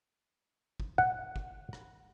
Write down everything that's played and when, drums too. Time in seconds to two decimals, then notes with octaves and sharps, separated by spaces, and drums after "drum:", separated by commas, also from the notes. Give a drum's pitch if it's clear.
0.80 drum: kick
0.98 F#5, drum: tom A#2
1.36 drum: kick
1.73 drum: rim click